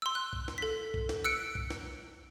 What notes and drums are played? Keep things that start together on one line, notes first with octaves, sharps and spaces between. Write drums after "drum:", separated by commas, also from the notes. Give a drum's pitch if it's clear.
C6 E6
F#6
drum: kick B1
drum: snare
A4 B6
drum: kick B1
drum: snare
E6 F#6 C#7 D7
drum: kick B1
drum: snare